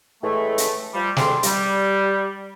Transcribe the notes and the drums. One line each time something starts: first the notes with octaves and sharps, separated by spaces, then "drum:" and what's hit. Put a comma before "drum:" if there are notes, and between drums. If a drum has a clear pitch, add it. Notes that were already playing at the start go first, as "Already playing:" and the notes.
A2 E3 G#3 A3
drum: hi-hat
F3 G3
D2 G#3 C4 D4 G4 C6, drum: snare
G3, drum: hi-hat